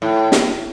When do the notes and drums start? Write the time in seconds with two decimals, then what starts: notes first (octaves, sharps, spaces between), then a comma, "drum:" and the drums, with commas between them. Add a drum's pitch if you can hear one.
0.02 A2
0.32 drum: snare